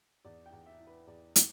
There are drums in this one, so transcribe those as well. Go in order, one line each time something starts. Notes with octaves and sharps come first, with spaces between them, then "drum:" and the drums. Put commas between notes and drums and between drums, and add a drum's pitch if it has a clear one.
E2 D5
G5
E2
E5
E3
B4
E2 D5
E3, drum: hi-hat